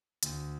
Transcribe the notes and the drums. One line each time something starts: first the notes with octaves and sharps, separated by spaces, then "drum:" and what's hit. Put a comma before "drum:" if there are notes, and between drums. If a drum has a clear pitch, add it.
D2, drum: hi-hat